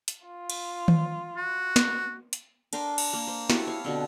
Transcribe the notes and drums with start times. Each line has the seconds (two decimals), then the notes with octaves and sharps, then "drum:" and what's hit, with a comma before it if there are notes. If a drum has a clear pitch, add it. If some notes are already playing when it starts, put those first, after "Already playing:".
0.08 drum: hi-hat
0.25 F4
0.50 drum: cymbal
0.88 drum: tom D#3
1.37 F#4
1.76 drum: snare
2.33 drum: hi-hat
2.73 D4 A#4 G5 C6, drum: cymbal
2.98 drum: cymbal
3.13 A#3
3.27 C5
3.50 E4 F#4 G4 A4, drum: snare
3.67 C#5 F5
3.84 B2 D3 C4